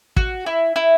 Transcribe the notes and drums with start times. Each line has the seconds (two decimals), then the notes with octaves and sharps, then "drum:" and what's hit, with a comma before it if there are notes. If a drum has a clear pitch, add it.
0.17 F#4, drum: kick
0.46 E4
0.76 E4